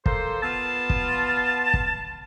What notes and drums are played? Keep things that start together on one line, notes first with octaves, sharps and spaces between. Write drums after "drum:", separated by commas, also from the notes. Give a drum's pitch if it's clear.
A#3 A4 C5, drum: kick
B3 F4 A5
drum: kick
drum: kick